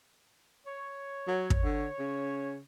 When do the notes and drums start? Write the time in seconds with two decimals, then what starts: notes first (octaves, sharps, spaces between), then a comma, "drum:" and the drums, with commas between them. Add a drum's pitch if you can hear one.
0.66 C#5
1.27 F#3
1.50 drum: kick
1.64 D3
1.99 C#3